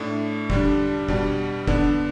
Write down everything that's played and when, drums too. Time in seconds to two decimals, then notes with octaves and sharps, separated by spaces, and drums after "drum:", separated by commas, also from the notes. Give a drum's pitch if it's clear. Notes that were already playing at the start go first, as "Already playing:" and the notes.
Already playing: A2 A3 D4
0.50 D3 G3 D4, drum: kick
1.09 B2 G3 D4, drum: kick
1.67 D3 B3 D4, drum: kick